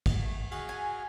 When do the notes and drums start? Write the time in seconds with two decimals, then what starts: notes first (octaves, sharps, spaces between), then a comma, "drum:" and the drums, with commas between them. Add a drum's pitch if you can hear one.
0.06 drum: kick, cymbal
0.23 A3
0.51 F#4 G#4 F6, drum: cymbal
0.69 G#5